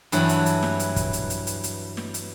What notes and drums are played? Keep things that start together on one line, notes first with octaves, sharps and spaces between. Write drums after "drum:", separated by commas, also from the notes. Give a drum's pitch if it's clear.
G2 E3 F#3, drum: hi-hat
drum: hi-hat
drum: hi-hat
drum: snare
drum: hi-hat
drum: kick, hi-hat
drum: hi-hat
drum: hi-hat
drum: hi-hat
drum: hi-hat
drum: snare
drum: hi-hat